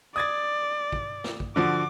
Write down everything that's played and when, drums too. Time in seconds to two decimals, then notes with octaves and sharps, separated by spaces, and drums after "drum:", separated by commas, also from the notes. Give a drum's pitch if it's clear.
0.16 D5 D#6 G#6 A6
0.93 drum: kick
1.24 drum: snare
1.40 drum: kick
1.56 D3 F3 F#4 D6